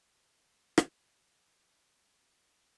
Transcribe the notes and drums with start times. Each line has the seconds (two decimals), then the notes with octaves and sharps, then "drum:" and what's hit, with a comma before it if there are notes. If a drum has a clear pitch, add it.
0.01 G1 G2 B5 D#6
0.78 drum: rim click